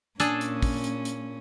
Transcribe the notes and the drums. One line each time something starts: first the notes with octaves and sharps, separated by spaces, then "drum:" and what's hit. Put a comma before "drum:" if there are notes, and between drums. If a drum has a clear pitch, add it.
A#2 C#4 D4 G#4 A4, drum: hi-hat
drum: hi-hat
drum: kick, open hi-hat
drum: hi-hat
drum: hi-hat